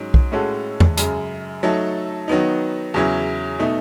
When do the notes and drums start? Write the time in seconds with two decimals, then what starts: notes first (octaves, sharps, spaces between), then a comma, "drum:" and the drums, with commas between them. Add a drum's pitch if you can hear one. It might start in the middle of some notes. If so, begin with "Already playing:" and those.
Already playing: G#2 F#3 C#4
0.14 drum: kick B1
0.32 A2 G#3 C#4 F#4 A4
0.80 drum: tom E2
0.97 F#2 C#3 G#3, drum: hi-hat
1.63 F#3 A3 D#4 A4
2.28 D#3 F#3 B3 D#4
2.94 E2 C#3 F#3 C#4 E4
3.59 B2 A3 D#4